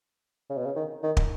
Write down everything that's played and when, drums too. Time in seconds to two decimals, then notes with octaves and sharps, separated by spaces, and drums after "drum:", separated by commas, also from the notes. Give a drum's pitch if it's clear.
0.49 C#3
0.57 B2
0.66 C#3
0.76 D#3
1.03 D#3
1.17 drum: kick